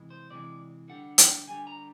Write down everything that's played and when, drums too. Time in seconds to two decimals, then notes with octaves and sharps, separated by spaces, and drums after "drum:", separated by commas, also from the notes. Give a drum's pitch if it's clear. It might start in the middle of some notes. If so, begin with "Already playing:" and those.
Already playing: C3 E3 G#3
0.10 C5
0.30 C3 E3 G#3 D5
0.88 D3 G3 F#5
1.18 G5, drum: hi-hat
1.47 D3 G3 G#5
1.67 A#5